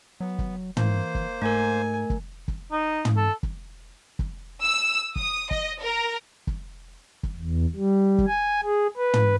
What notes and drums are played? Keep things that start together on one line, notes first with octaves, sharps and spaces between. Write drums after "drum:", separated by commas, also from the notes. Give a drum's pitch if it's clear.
F#3 B3
drum: kick
E3 A#3 C5, drum: tom
drum: kick
G#2 A3 A#4 G#5
drum: kick
drum: kick
D#4
drum: tom
A4
drum: kick
drum: kick
E6
D#6, drum: kick
D#5, drum: kick
A#4
drum: kick
drum: kick
E2
G3
drum: kick
G#5
G#4
B4
drum: tom